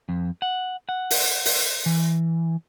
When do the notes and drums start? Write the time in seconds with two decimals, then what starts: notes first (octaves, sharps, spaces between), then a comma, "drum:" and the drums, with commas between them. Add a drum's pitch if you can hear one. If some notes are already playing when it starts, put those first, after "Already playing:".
0.09 F2
0.42 F#5
0.89 F#5
1.10 drum: open hi-hat
1.45 drum: open hi-hat
1.86 E3